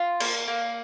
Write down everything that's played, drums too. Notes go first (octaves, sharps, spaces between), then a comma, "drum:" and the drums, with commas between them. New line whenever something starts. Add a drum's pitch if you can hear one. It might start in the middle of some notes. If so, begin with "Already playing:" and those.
Already playing: F4
A#3, drum: cymbal
A#3